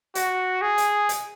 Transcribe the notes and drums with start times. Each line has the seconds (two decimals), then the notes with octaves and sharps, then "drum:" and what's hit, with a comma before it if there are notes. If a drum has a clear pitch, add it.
0.15 F#4, drum: hi-hat
0.62 G#4
0.78 drum: hi-hat
1.09 drum: hi-hat